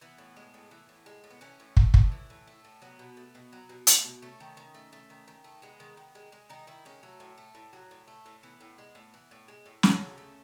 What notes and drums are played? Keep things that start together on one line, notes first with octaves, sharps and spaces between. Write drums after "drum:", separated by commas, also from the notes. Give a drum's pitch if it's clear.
E3 B3
A2
G#3
A2
E3
A2
G#3
A2
B3
E3 C#4
A2
A3, drum: kick
A2, drum: kick
E3
A2
A3
A2
F#3 B3
B2
A3
B2
F#3
B2
A3, drum: hi-hat
B2
A3 C#4
D#3
D#3
A3
A3
D#3
D#3
A3
G#3 B3
D#3
D#3
G#3
G#3
D#3 D#4
D#3 E4
G#3 C#4
F#3 A3
A2
A3
A2
F#3
A2
A3
A2
E3 B3
A2
G#3
A2
E3
A2
G#3
A2
F#3 C#4, drum: snare
C#3
A3